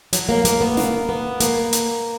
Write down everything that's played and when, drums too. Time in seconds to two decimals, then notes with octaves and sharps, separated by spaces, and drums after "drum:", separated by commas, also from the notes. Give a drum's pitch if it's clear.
0.13 F#3, drum: hi-hat
0.29 A#3
0.45 A#3, drum: hi-hat
0.61 B3
0.77 A#3, drum: snare
1.09 B3
1.40 A#3, drum: hi-hat
1.73 drum: hi-hat